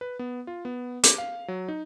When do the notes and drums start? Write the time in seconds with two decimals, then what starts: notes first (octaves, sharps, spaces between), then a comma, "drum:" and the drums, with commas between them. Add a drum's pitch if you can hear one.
0.01 B4
0.19 B3
0.47 F4
0.65 B3
1.04 D6, drum: hi-hat
1.18 F5
1.48 F#3
1.68 D#4